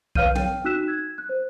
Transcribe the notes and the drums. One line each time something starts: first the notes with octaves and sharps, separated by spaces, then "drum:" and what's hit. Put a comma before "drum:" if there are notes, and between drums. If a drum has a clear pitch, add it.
B4 C#5 F5 F6 G6 D#7, drum: kick B1
G5, drum: tom
D#4 F#4 E6 F#6 B6 E7
G#6
F#6
C5